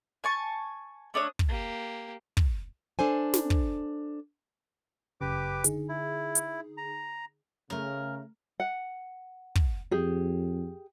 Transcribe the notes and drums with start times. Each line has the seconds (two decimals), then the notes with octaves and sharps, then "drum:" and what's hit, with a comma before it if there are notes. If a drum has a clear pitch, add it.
0.24 G#5 A5 C#6
1.14 A3 D4 C#5 D#6
1.39 drum: kick
1.49 A#3 G4
2.37 drum: kick
2.99 D4 A4 C5 G#5
3.34 drum: snare
3.50 drum: kick
5.21 G1 F#2 C#3 G4 B4 D6
5.64 D3 D#4 G#4, drum: hi-hat
5.89 E4
6.35 drum: hi-hat
6.77 A#5
7.70 C#3 A3 C#4 A#4
8.60 F#5
9.55 drum: kick
9.91 F2 G4 G#4